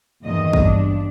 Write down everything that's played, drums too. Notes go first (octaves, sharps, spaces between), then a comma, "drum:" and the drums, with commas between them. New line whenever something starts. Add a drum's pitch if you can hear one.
E2 G2 A#2 D#3 D#5
G2 D4, drum: kick